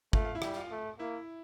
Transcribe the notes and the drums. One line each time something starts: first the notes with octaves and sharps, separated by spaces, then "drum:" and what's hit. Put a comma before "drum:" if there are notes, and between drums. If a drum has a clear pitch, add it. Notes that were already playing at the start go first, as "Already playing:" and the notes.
A3 F4 F5, drum: kick
F5
E4 E5
G3, drum: rim click
F4 F5
A3
A#3 E4 E5